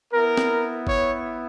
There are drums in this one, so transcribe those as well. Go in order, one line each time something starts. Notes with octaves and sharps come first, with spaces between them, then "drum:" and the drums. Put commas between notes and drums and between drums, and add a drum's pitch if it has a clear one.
B3 E4 A#4
drum: snare
C#5, drum: kick G1